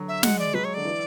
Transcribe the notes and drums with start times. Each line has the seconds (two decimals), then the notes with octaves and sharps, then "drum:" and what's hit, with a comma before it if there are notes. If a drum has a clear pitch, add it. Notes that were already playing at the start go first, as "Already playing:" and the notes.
Already playing: D3 F#3
0.08 E5
0.23 G#3 F#5, drum: snare
0.39 D5
0.54 F#3 B4
0.64 C#5
0.74 D3 D5
0.85 E3